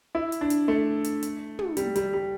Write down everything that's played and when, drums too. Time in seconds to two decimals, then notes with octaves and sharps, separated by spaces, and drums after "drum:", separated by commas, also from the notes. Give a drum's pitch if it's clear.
0.15 E4
0.32 drum: hi-hat
0.41 D4
0.50 drum: hi-hat
0.68 A3
1.04 drum: hi-hat
1.23 drum: hi-hat
1.59 drum: tom
1.77 G3, drum: hi-hat
1.96 G3, drum: hi-hat
2.14 G3